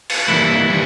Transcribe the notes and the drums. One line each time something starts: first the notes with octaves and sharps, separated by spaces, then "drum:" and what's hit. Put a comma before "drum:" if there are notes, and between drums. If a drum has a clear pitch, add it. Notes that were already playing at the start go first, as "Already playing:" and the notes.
drum: cymbal
E3 G3 A#3 E4
E3 G3 A#3